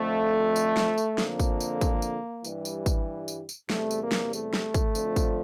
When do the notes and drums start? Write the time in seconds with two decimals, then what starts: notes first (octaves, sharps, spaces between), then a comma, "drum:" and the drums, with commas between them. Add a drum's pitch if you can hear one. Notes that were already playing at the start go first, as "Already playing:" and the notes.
Already playing: F2 D3 F3 A3
0.56 drum: tambourine
0.77 drum: snare
0.98 drum: tambourine
1.18 F2 D3 F3 A#3, drum: snare
1.40 drum: kick, tambourine
1.60 drum: tambourine
1.81 drum: kick, tambourine
2.02 drum: tambourine
2.44 G2 E3 G3, drum: tambourine
2.65 drum: tambourine
2.86 drum: kick, tambourine
3.28 drum: tambourine
3.49 drum: tambourine
3.70 E2 C3 G3 A3, drum: snare
3.91 drum: tambourine
4.01 A#3
4.12 drum: snare
4.33 A3, drum: tambourine
4.54 drum: snare
4.74 drum: kick, tambourine
4.95 F2 D3 F3, drum: tambourine
5.16 drum: kick, tambourine